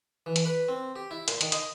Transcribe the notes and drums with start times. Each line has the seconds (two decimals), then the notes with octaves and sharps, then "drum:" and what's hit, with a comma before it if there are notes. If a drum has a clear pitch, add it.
0.26 E3
0.36 drum: hi-hat
0.45 B4
0.68 C4
0.96 G4
1.11 E4
1.28 A#2, drum: hi-hat
1.41 D#3, drum: hi-hat
1.52 D#5, drum: hi-hat